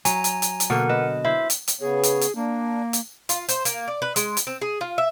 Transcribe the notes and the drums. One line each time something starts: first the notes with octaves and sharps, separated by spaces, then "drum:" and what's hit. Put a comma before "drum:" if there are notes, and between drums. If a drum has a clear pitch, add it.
F#3 G#5 A#5, drum: hi-hat
drum: hi-hat
drum: hi-hat
drum: hi-hat
B2 D3 A#3 A#4 F#5
B4 D#5
E4 C5 E5
drum: hi-hat
drum: hi-hat
C#3 B3 G#4 C#5
drum: hi-hat
drum: hi-hat
A#3 D4
drum: hi-hat
F4, drum: hi-hat
C5, drum: hi-hat
A#3, drum: hi-hat
D5
B4
G#3, drum: hi-hat
drum: hi-hat
C4
G#4
F4
E5